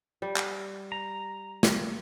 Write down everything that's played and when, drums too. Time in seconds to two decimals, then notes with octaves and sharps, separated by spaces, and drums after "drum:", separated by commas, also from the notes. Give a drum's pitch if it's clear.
0.22 G3
0.36 drum: clap
0.92 A#5
1.63 drum: snare